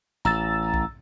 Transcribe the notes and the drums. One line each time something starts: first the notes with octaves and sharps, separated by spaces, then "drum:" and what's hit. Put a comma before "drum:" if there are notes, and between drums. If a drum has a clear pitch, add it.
A1 A#5 E6 A6
drum: kick B1